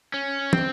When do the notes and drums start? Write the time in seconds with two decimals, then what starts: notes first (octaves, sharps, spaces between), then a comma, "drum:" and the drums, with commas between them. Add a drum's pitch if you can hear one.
0.14 C#4
0.53 C4, drum: tom